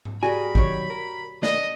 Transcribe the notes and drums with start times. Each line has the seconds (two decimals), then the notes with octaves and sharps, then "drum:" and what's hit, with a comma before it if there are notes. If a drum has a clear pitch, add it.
0.05 drum: tom G#2
0.23 G3 F#4 G#4 A#4 G#5 B5
0.55 B2 D#3 F#3 G4 C#5, drum: kick
0.90 A#4
1.43 D4 D5 D#5, drum: snare